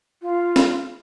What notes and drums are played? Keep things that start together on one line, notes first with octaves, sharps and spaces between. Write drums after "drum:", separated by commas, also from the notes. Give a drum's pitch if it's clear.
F4
drum: snare